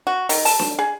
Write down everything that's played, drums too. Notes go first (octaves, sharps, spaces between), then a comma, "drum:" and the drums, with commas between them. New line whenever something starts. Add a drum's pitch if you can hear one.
F#4
D#3, drum: open hi-hat
A5, drum: open hi-hat
drum: snare D4
G#4